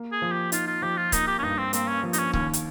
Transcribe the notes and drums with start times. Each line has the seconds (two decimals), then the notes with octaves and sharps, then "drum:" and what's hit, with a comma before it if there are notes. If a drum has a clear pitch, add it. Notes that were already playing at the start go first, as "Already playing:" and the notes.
Already playing: A#3
0.12 G#4
0.22 F3
0.32 G4
0.52 D#4 F4, drum: hi-hat
0.67 F4
0.82 F3 G4
0.97 F4
1.12 A#3 D#4, drum: kick C#1, hi-hat
1.27 G4
1.39 C#4
1.42 G2 D#4
1.58 C4
1.73 A#3 C4, drum: hi-hat
1.88 C#4
2.03 F3
2.13 D#4, drum: hi-hat
2.19 C#4
2.33 D#2 C#4, drum: kick C#1
2.53 drum: hi-hat